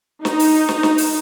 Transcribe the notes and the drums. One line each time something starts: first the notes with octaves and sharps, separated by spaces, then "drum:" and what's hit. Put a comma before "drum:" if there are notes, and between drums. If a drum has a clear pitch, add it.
D#4, drum: snare
drum: open hi-hat
drum: snare
drum: snare
drum: open hi-hat